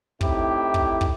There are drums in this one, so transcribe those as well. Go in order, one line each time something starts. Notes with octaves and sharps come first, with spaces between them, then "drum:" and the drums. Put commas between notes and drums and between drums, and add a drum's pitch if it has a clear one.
A2 C4 D#4 E4 G4, drum: kick
drum: kick
drum: kick